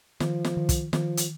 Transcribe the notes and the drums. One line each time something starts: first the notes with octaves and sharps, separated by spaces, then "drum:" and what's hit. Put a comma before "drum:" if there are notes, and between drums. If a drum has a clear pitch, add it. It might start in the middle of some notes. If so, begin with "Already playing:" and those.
D#3 F3, drum: snare
drum: snare
D#3
drum: kick, hi-hat
D#3 F3, drum: snare
drum: hi-hat